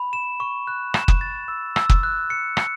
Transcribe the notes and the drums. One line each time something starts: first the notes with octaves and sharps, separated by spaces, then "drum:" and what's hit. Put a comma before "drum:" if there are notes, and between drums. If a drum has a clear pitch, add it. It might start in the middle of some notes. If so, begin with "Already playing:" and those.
Already playing: B5
E7
C#6
F#6
E7, drum: rim click
drum: kick
A6
E6
E6, drum: rim click
drum: kick
F#6
C#7
C#7, drum: rim click